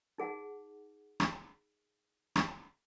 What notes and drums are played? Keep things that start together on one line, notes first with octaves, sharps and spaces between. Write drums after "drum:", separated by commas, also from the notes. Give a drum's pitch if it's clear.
D#4 G#4 F#5
drum: rim click
drum: rim click